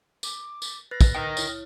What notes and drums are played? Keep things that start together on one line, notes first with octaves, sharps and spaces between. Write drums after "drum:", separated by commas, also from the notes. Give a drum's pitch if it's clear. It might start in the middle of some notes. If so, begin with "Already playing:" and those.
D6, drum: tambourine
drum: tambourine
B4 F#6 A6 A#6
drum: kick, tambourine
A#4 D#5 G5 D#6 F6
E4 C#5, drum: tambourine